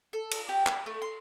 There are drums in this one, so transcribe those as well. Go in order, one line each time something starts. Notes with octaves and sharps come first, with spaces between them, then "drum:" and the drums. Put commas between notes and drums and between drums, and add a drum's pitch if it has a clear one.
A4
drum: cymbal
G4
B5, drum: clap
A3
C6